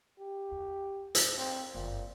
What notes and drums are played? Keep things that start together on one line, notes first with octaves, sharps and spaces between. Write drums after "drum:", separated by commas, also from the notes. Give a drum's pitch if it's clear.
G4
E2
drum: hi-hat
C4
F#1 G2 A#2